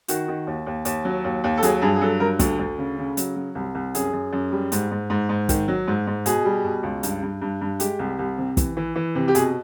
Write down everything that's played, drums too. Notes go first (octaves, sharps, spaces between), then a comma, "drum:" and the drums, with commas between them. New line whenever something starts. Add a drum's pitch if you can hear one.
D#3 F#4, drum: hi-hat
D#3
D#2
D#2
D#2, drum: hi-hat
F#3
D#2
D#2
A4
F#3 G#4, drum: hi-hat
G2 G#4
G#4
F#3 A4
G2 A#4
D2, drum: kick, hi-hat
D2
C#3
C#3
F#3, drum: hi-hat
F#3
C2
C2
F#2 G#4, drum: hi-hat
F#2
F#2
G3
G#2, drum: hi-hat
G#2
G#2
G#2
D#3, drum: kick, hi-hat
F#3
G#2
G#2
B2 G#4, drum: hi-hat
G3
B2
C#2
G2, drum: hi-hat
G2
G2
G2
G#3 G4, drum: hi-hat
C2
C2
C3
E3, drum: kick, hi-hat
E3
E3
C3
G4
B2 G#4, drum: hi-hat